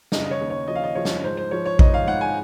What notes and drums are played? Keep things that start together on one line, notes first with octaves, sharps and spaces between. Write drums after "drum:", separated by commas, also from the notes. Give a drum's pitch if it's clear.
C#3 D#5, drum: snare
D#5
C#5
D#2
C#5
F3 D#5
F5
D#5
F3 C#5
drum: snare
G#2 C5
C5
F3 C#5
C#5
G#2 D#5, drum: kick A#1
F5
G#1 F#5
G#5